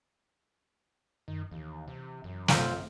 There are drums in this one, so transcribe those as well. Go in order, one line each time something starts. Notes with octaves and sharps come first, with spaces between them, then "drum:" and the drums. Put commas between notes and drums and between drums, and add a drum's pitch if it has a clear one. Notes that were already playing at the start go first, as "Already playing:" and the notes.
F#2 D#3
D#2 E3
C3
F#2
C4 F4, drum: snare